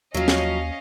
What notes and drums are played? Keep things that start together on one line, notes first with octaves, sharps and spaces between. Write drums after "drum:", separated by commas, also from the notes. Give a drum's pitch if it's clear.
D#2 F3 F#3 C#4 D#5 F5
drum: snare